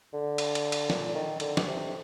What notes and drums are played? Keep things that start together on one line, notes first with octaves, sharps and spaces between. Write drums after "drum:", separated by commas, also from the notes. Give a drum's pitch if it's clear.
D3
drum: cymbal
drum: cymbal
drum: cymbal
A#2, drum: snare
D#3
D3, drum: cymbal
drum: snare
C3